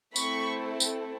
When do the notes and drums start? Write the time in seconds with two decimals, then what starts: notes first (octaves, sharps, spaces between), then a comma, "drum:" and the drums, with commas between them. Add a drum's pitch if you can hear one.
0.16 A3 C4 E4 A4 B5 C#6, drum: tambourine
0.80 drum: tambourine